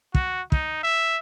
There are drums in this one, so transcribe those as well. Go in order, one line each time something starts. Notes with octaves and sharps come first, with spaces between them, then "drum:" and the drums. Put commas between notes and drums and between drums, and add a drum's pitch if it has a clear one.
F#4, drum: kick
D#4, drum: kick
E5